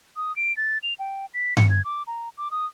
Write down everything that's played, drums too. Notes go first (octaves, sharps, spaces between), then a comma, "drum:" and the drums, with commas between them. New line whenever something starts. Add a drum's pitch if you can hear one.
D#6
D7
A6
F7
G5
B6
C#7, drum: tom G2
G#6
D6
A#5
D6
D#6